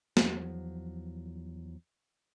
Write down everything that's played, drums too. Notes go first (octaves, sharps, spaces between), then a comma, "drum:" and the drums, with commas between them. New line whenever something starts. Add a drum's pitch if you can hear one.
E2 F3 F#3, drum: snare A#3